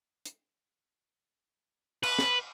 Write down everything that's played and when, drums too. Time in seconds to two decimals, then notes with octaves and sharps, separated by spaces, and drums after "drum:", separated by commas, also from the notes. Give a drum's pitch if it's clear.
0.25 drum: hi-hat
2.03 B4, drum: cymbal
2.19 drum: snare